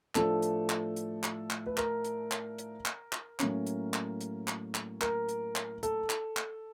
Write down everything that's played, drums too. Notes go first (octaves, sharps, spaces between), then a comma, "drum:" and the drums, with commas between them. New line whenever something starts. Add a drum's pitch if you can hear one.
A2 F3 A3 D4 A4, drum: clap
drum: hi-hat
drum: clap
drum: hi-hat
drum: clap
drum: clap
B4
A#4, drum: clap
drum: hi-hat
drum: clap
drum: hi-hat
drum: clap
drum: clap
A2 F#3 A#3 C#4, drum: clap
drum: hi-hat
drum: clap
drum: hi-hat
drum: clap
drum: clap
A#4, drum: clap
drum: hi-hat
drum: clap
A4, drum: hi-hat
drum: clap
drum: clap